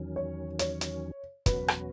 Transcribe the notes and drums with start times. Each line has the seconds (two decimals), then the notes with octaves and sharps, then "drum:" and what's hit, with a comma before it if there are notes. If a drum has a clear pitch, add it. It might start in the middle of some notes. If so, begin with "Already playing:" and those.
Already playing: E2 D#3 F#3 C#4
0.16 C#5
0.59 C#5, drum: hi-hat
0.81 drum: hi-hat
1.46 E2 B2 F#3 C#4 F#4 B4, drum: kick, hi-hat
1.68 drum: rim click